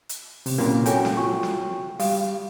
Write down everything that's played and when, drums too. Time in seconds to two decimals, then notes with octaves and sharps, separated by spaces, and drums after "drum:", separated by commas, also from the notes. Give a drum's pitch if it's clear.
0.09 drum: hi-hat
0.46 C3, drum: open hi-hat
0.58 A#2 F#3 A#3 C4 C#4 E4
0.86 F#4 A4 C#5 G5 G#5, drum: hi-hat
1.05 drum: snare
1.17 F4
1.43 drum: snare
2.00 G3 F5, drum: open hi-hat